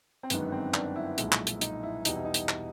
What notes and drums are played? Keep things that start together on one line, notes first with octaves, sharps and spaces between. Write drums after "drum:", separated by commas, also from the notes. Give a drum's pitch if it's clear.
C4
G1 F#2 D#3 G#3 B3, drum: hi-hat
C4
D4, drum: clap
E4
B1 A#2 F3 G#3, drum: hi-hat
drum: clap
drum: hi-hat
D#4, drum: hi-hat
E4
E2 B2 G3 D#4, drum: hi-hat
E4
D#4
drum: hi-hat
drum: clap